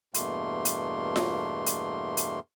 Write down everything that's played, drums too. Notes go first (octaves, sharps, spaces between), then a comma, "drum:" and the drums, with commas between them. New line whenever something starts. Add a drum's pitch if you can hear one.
E2 G2 B2 A3 A#3 C6, drum: hi-hat
drum: hi-hat
drum: snare F4
drum: hi-hat
drum: hi-hat